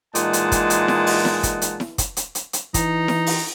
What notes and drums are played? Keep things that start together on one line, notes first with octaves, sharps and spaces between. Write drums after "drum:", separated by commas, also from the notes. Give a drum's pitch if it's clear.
A#2 E3 G#3 D#4 F#5 A5, drum: hi-hat
drum: hi-hat
drum: kick, hi-hat
drum: hi-hat
drum: snare E4
drum: open hi-hat
drum: snare E4
drum: kick, hi-hat
drum: hi-hat
drum: snare E4
drum: kick, hi-hat
drum: hi-hat
drum: hi-hat
drum: hi-hat
E3 D#4, drum: kick, hi-hat
drum: snare E4
drum: open hi-hat